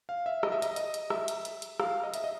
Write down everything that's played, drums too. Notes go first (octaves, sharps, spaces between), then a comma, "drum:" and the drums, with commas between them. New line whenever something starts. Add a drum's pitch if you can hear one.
F5
E5
D#5, drum: rim click
E5
D#5, drum: hi-hat
D#5, drum: hi-hat
drum: hi-hat
E5, drum: rim click
drum: hi-hat
drum: hi-hat
drum: hi-hat
F5, drum: rim click
D#5
E5, drum: hi-hat
D#5